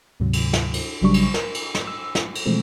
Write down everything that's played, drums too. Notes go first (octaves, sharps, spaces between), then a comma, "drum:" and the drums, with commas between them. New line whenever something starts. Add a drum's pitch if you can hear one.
D2 G#2 C3 F#3
drum: cymbal
drum: snare
drum: cymbal
A#1 C#3 F#3 G3 D4 C#6
drum: cymbal
A#4, drum: snare
drum: cymbal
drum: snare
E6
drum: snare
drum: cymbal
B2 E3 F3 G#3 A3 C4